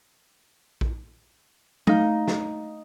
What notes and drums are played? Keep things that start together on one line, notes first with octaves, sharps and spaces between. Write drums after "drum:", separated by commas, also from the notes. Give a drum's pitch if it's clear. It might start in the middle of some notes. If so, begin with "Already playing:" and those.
drum: kick A#1
A3 D#4 F5, drum: tom
drum: snare